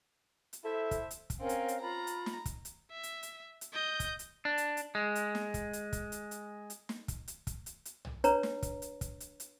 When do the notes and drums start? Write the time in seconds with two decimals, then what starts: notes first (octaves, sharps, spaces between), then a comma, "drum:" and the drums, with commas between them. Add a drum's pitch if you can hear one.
0.53 drum: hi-hat
0.64 E4 A4 C5 E5
0.91 drum: kick, hi-hat
1.11 drum: hi-hat
1.30 drum: kick, hi-hat
1.40 C4 C#4 A#4 C#5 F5
1.49 drum: hi-hat
1.68 drum: hi-hat
1.81 F4 A#5 B5
2.07 drum: hi-hat
2.26 drum: snare
2.46 drum: kick, hi-hat
2.65 drum: hi-hat
2.91 E5
3.03 drum: hi-hat
3.23 drum: hi-hat
3.61 drum: hi-hat
3.73 D#5 G6
4.00 drum: kick, hi-hat
4.19 drum: hi-hat
4.45 D4
4.58 drum: hi-hat
4.77 drum: hi-hat
4.95 G#3
5.15 drum: hi-hat
5.35 drum: snare
5.54 drum: kick, hi-hat
5.73 drum: hi-hat
5.93 drum: kick, hi-hat
6.12 drum: hi-hat
6.31 drum: hi-hat
6.70 drum: hi-hat
6.89 drum: snare
7.08 drum: kick, hi-hat
7.28 drum: hi-hat
7.47 drum: kick, hi-hat
7.66 drum: hi-hat
7.85 drum: hi-hat
8.05 drum: tom B1
8.24 D4 B4 C#5 A#5, drum: hi-hat
8.43 drum: snare
8.63 drum: kick, hi-hat
8.82 drum: hi-hat
9.01 drum: kick, hi-hat
9.20 drum: hi-hat
9.40 drum: hi-hat